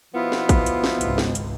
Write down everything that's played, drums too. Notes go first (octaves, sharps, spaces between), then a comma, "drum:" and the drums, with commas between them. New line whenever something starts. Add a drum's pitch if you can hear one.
B2 F3 B3 E4 F4
drum: snare
drum: kick, hi-hat
drum: hi-hat
drum: snare
G#1 C#2, drum: hi-hat
drum: snare
drum: hi-hat